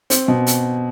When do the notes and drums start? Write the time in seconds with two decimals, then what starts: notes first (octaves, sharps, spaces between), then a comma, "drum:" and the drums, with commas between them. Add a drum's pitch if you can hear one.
0.10 C4, drum: hi-hat
0.28 B2
0.47 drum: hi-hat